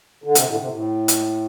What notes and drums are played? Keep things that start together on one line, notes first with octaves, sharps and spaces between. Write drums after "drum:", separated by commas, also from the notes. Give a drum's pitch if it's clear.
D3
C3, drum: hi-hat
A2 D3
C3
A2
drum: hi-hat